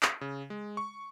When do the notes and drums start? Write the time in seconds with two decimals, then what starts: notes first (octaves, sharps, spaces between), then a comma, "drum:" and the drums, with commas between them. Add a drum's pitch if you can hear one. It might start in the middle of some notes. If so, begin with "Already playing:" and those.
0.03 drum: clap
0.21 C#3
0.50 G#3
0.77 C#6